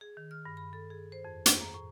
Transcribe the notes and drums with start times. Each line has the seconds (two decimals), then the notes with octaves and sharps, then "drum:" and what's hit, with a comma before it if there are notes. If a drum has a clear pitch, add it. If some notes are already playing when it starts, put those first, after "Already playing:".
0.01 G#4
0.17 D#3
0.31 F6
0.45 G2
0.57 B5
0.73 A4
0.90 G#4
1.12 C5
1.25 F2
1.46 G#4, drum: hi-hat
1.60 A#5
1.74 A2